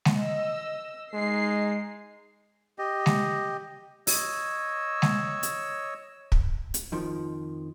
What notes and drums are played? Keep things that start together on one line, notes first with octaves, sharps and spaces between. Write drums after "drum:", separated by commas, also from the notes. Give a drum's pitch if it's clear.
drum: snare G#3
D#5 E6
G#3 D#4 C7
G4 D#5
drum: snare G#3
C#5 D#5 E6, drum: open hi-hat
drum: snare G#3
drum: hi-hat
drum: kick
drum: hi-hat
F2 D#3 F3